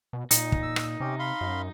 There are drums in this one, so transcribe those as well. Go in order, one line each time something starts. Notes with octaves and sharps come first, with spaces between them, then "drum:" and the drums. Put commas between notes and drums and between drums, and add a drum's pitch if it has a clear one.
B2
A#2 D#4, drum: hi-hat
drum: kick
E6
drum: rim click
C3 C#4 G4
F5 B5 C6
F#2